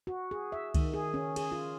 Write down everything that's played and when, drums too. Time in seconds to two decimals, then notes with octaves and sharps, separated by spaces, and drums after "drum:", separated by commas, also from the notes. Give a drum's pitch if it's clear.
0.07 F#4
0.31 G#4
0.52 E5
0.74 D#3, drum: kick C#2, cymbal
0.94 G#4
1.14 C#4
1.36 G#4, drum: cymbal
1.52 F4